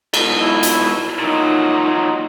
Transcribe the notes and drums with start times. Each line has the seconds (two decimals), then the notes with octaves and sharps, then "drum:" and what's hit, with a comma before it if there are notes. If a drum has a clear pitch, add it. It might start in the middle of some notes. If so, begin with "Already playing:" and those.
0.14 G#2 B2, drum: cymbal
0.37 E4
0.63 drum: hi-hat
1.19 A#2 F#3 D#4